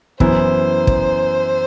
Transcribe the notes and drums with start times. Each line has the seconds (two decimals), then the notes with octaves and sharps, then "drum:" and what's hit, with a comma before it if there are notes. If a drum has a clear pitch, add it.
0.20 F#2 E3 B3 E4 C5, drum: kick
0.87 drum: kick